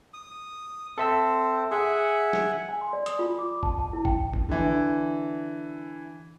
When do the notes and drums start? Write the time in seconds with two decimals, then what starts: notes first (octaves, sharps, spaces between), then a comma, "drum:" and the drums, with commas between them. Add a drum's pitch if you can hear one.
0.14 D#6
0.98 C4 A4 E5 E6
1.71 G#4 E5 F#5 G#5
2.33 drum: snare
2.69 G#5
2.81 C6
2.93 D5
3.06 D#6, drum: hi-hat
3.19 F4
3.39 D6
3.63 A5, drum: kick G1
3.79 A5
3.93 E4
4.05 G5, drum: kick G1
4.34 drum: kick G1
4.49 D3 E3